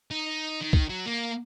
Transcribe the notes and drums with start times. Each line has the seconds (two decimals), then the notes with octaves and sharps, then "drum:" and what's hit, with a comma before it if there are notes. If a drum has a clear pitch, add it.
0.11 D#4
0.61 D#3
0.73 drum: kick
0.90 F#3
1.06 A#3